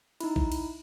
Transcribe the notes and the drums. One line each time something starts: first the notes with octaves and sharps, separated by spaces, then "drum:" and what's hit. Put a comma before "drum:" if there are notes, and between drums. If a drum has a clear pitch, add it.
D#4 E4, drum: cymbal
drum: kick A#1
drum: cymbal